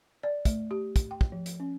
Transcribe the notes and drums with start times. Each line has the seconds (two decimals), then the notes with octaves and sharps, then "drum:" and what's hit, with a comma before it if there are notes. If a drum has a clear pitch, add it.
0.23 D5
0.45 A3, drum: kick, hi-hat
0.71 G4
0.96 drum: kick, hi-hat
1.11 G5
1.21 drum: kick
1.32 F3
1.46 drum: hi-hat
1.60 C#4